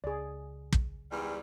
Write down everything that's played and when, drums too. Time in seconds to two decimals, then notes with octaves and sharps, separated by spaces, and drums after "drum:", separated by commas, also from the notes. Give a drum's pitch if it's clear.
0.04 C#2 G#4 D5
0.73 drum: kick
1.11 E2 G#2 G3